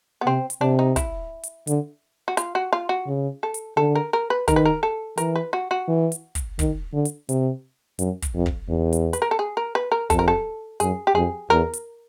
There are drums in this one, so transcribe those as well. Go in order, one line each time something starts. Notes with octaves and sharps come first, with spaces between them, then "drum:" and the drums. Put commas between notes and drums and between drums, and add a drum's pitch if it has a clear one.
B3
C3 C4
drum: hi-hat
C3 D4
D#4
E4, drum: kick, hi-hat
drum: hi-hat
D3, drum: hi-hat
F#4
F4, drum: hi-hat
F#4
F4
F#4
C#3
A4
drum: hi-hat
D3 A4
A#4
A#4
B4
D#3 A#4, drum: kick, hi-hat
B4
A#4
A4
E3 A#4, drum: hi-hat
B4
F#4
F#4
E3
drum: hi-hat
drum: kick, hi-hat
D#3, drum: kick, hi-hat
D3
drum: hi-hat
C3, drum: hi-hat
F#2, drum: hi-hat
drum: kick, hi-hat
F2
drum: kick
E2
drum: hi-hat
B4, drum: hi-hat
A#4
A4
G#4
A#4
B4
A#4
F2 A4, drum: kick, hi-hat
A#4
A4
F#2 G#4, drum: hi-hat
G4
F2 G#4
E2 A#4
drum: hi-hat